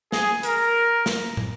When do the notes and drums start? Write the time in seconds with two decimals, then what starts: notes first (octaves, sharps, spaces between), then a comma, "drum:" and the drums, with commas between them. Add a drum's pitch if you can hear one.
0.12 G#4, drum: snare
0.43 A#4, drum: hi-hat
1.06 drum: snare
1.37 drum: tom